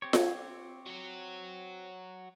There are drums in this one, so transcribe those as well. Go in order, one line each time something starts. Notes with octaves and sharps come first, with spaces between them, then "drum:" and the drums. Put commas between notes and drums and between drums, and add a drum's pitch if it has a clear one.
C4 G4 C#5
drum: snare F4
F#3 F#4